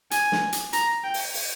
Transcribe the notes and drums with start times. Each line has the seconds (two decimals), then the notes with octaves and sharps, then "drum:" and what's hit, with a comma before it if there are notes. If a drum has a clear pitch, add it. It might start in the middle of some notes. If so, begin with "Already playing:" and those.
0.11 G#5, drum: hi-hat
0.32 drum: snare
0.53 drum: hi-hat
0.73 A#5, drum: hi-hat
1.04 G5
1.14 drum: open hi-hat
1.34 drum: open hi-hat